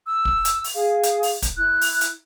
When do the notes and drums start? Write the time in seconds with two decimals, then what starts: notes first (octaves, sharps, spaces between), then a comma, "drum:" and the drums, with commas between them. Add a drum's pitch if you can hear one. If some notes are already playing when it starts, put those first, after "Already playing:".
0.06 E6
0.25 drum: kick
0.45 drum: hi-hat
0.64 drum: open hi-hat
0.75 G#4 F5
1.03 drum: hi-hat
1.23 drum: open hi-hat
1.42 drum: kick, hi-hat
1.57 E4 F#6
1.81 drum: open hi-hat
2.01 drum: hi-hat